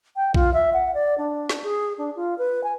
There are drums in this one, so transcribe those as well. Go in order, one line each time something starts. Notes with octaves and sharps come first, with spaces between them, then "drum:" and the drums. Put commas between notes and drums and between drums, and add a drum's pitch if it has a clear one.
G5
F4, drum: kick A#1
E5
F#5
D5
D4
drum: snare
G#4
D4
F4
B4
G#5